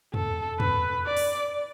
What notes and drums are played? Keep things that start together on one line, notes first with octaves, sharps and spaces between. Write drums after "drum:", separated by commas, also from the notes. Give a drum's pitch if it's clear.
A4, drum: tom E2
B4, drum: tom E2
D5
drum: open hi-hat